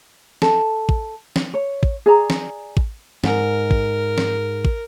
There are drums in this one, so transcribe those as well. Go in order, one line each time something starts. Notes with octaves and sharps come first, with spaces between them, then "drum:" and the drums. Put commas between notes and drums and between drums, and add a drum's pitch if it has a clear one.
A4, drum: snare
drum: kick
drum: snare
C#5
drum: kick
G#4 D5 A#5
drum: snare
drum: kick
G#2 A#4, drum: snare
drum: kick
drum: snare
drum: kick